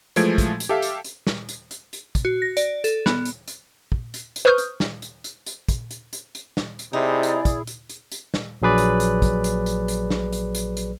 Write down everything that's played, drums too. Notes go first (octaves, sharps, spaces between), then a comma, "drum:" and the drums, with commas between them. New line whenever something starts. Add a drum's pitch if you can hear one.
E3 F3 G#3 A3 G#6 D7, drum: hi-hat
drum: kick, hi-hat
drum: hi-hat
G4 A4 E5 F5
drum: hi-hat
drum: hi-hat
drum: snare
drum: hi-hat
drum: hi-hat
drum: hi-hat
drum: kick, hi-hat
F#4
A#6
D5, drum: hi-hat
A4, drum: hi-hat
B3, drum: snare
drum: hi-hat
drum: hi-hat
drum: kick
drum: hi-hat
drum: hi-hat
B4 C5 C#6 D#6 F6 G6
drum: hi-hat
drum: snare
drum: hi-hat
drum: hi-hat
drum: hi-hat
drum: kick, hi-hat
drum: hi-hat
drum: hi-hat
drum: hi-hat
drum: snare
drum: hi-hat
C3 D#4 E4 G#4 D5
drum: hi-hat
drum: kick, hi-hat
drum: hi-hat
drum: hi-hat
drum: hi-hat
drum: snare
A#1 F#3 G#4 B4 D5
drum: hi-hat
drum: hi-hat
drum: kick, hi-hat
drum: hi-hat
drum: hi-hat
drum: hi-hat
drum: snare
drum: hi-hat
drum: hi-hat
drum: hi-hat